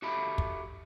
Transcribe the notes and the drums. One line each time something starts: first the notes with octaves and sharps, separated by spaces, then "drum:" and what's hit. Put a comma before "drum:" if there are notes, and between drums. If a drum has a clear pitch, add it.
F#4 G4 A4 E5 B5
drum: kick